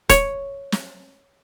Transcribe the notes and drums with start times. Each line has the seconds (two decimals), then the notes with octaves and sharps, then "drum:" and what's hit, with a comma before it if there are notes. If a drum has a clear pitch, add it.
0.09 C#5, drum: kick D#1, hi-hat
0.72 drum: snare